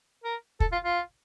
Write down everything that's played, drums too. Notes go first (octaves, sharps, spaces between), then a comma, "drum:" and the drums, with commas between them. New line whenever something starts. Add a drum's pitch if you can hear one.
A#4
A4, drum: kick
F4
F4